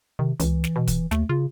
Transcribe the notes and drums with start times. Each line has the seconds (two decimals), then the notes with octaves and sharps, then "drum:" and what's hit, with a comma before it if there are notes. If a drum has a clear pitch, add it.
0.19 C3 D#3
0.40 C#2 E3, drum: hi-hat
0.64 drum: snare
0.76 B2
0.87 drum: kick, hi-hat
1.11 D#2 A3, drum: snare
1.29 C#3 F4